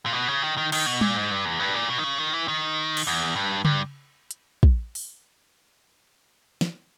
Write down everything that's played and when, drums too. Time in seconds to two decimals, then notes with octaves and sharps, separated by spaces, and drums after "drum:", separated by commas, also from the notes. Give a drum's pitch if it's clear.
0.06 A#2
0.13 B2
0.28 C#3
0.42 D#3
0.57 D#3
0.72 D#3, drum: cymbal
0.86 B2
1.01 A#2, drum: tom G3
1.16 G#2
1.31 G2
1.45 E2
1.59 G2
1.74 A#2
1.89 B2
1.98 D#3
2.04 C#3
2.18 D#3
2.33 E3
2.48 D#3
2.97 drum: cymbal
3.07 E2
3.36 G2
3.65 G2, drum: tom C#3
4.31 drum: hi-hat
4.63 drum: kick
4.95 drum: open hi-hat
6.61 drum: snare